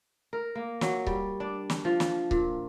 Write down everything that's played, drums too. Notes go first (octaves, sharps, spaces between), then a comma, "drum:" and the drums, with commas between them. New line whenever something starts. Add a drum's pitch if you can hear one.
A#4
A#3
F#3, drum: snare
G3, drum: kick C#1
D4
drum: snare
F3
drum: snare
A#2, drum: kick C#1